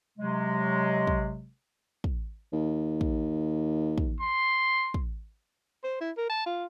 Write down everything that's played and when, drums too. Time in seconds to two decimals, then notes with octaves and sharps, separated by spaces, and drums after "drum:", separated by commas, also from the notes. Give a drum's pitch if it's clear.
0.18 C3 F#3 G#3
1.07 drum: kick
2.04 drum: kick
2.52 D#2
3.01 drum: kick
3.98 drum: kick
4.21 C6
4.94 drum: kick
5.84 C5
6.01 E4
6.17 A#4
6.30 A5
6.46 F4